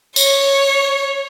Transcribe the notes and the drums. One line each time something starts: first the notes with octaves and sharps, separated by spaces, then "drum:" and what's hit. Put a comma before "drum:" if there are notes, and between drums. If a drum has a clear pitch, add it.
C#5, drum: tambourine